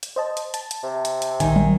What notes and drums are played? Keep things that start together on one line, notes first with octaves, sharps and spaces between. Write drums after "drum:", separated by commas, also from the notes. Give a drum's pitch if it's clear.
drum: hi-hat
C5 D#5 A5
drum: hi-hat
A5, drum: hi-hat
drum: hi-hat
C3
drum: hi-hat
drum: hi-hat
A#1 D#3 G#5, drum: hi-hat
drum: tom